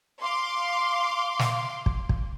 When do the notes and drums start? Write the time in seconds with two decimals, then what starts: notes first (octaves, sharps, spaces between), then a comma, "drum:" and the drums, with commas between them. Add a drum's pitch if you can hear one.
0.23 F5 C6 D6
1.39 drum: snare
1.86 drum: kick
2.09 drum: kick